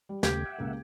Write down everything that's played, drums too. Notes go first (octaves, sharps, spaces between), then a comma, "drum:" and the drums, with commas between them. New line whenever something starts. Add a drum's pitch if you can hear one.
G3
D#2 C#3 A3 G4 G#6 D7, drum: snare
E5 F#5
C#2 A#3